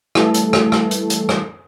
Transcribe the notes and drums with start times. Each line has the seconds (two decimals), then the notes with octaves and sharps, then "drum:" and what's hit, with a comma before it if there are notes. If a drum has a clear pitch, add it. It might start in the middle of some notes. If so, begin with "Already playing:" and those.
0.15 E3 G3 A3 A4, drum: rim click
0.34 drum: hi-hat
0.53 drum: rim click
0.72 drum: rim click
0.91 drum: hi-hat
1.10 drum: hi-hat
1.29 drum: rim click